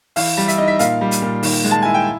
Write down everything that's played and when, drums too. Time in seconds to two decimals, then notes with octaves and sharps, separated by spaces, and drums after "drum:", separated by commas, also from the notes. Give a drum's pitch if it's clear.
0.16 E3 F5, drum: open hi-hat
0.37 G3
0.48 E5, drum: hi-hat
0.58 D#4 D#5
0.68 E5
0.79 A#2 F5, drum: hi-hat
1.01 G3
1.11 drum: hi-hat
1.22 A#2
1.43 D#3, drum: open hi-hat
1.64 G#3
1.71 A5
1.82 E4 G#5
1.94 G5